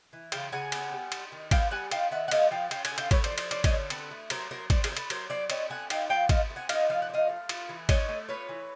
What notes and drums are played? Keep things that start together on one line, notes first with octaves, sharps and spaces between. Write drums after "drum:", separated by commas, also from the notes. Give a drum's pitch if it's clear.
E3
C#3 F5 G5, drum: cymbal
C#3 F#5 G#5
B3, drum: cymbal
G3
D#4, drum: cymbal
D#3
B3 F5 G5, drum: kick G#1, cymbal
G3 F#5 G#5
D#4 F5 G5, drum: cymbal
D#3 E5 F#5
F#5
A3 D#5 F5, drum: cymbal
F3 F5 G5
C#4 F5 G5, drum: cymbal
F#5 G#5, drum: cymbal
D3
F5 G5, drum: cymbal
A3 B4 C#5, drum: kick G#1, cymbal
C5 D5, drum: cymbal
F3
C5 D5, drum: cymbal
C#4 C5 D5, drum: cymbal
C#5 D#5, drum: kick G#1, cymbal
D3
C4 A4 B4, drum: cymbal
A3
F#3 A#4 C5, drum: cymbal
F#3 A#4 C5
C4 C5 D5, drum: kick G#1, cymbal
G#4 A#4, drum: cymbal
A3 C5
A4 B4, drum: cymbal
F#3 A#4 C5, drum: cymbal
F#3 C5 D5
C4 C#5 D#5, drum: cymbal
A3 F#5 G#5
D#4 F5 G5, drum: cymbal
F3 F5 G5
C4 D#5 F5, drum: kick G#1, cymbal
A3
F#5 G#5
D#4 D#5 F5, drum: cymbal
F3 F5
F#5
D4
D#5 F5
A3
F4, drum: cymbal
E3
D4 C#5 D#5, drum: kick G#1, cymbal
A3
F4 B4 C#5
E3